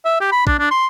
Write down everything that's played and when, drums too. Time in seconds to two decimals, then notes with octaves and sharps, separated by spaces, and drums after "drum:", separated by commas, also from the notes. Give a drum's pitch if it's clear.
0.05 E5
0.20 G4
0.32 B5
0.47 D4, drum: kick
0.59 D4
0.71 C6